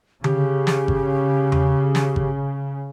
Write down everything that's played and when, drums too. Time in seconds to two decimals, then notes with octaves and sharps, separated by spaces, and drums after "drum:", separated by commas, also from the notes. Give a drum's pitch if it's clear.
0.24 C#3 G4, drum: tom D3
0.67 drum: snare
0.88 drum: kick G#1
1.52 drum: tom E2
1.95 drum: snare
2.16 drum: kick G#1